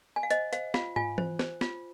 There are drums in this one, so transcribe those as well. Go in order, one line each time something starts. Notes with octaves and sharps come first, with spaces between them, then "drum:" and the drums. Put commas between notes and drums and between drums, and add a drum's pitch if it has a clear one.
G#5
F5
C5 D#5, drum: hi-hat
C5 F5, drum: hi-hat
F4 F5, drum: snare
F4 G#5, drum: tom
C5, drum: tom E3
C5, drum: snare
F4, drum: snare